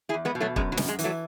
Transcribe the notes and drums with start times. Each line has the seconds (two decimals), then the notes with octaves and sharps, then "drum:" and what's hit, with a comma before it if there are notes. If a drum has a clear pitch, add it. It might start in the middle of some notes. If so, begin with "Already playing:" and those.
0.09 E4 G#4
0.14 E2
0.25 G#3 B3
0.35 B2
0.40 F#3 A3
0.56 F#2 G#3, drum: kick
0.72 F#3
0.77 F#2, drum: snare
0.89 G#3
0.99 E3, drum: hi-hat
1.04 F#3 A3